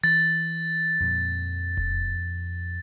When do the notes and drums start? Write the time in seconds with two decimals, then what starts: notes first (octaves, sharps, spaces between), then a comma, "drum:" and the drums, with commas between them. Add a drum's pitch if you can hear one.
0.04 E3 A6, drum: hi-hat
0.20 drum: hi-hat
1.00 F2 A#2 F3
1.77 drum: kick E1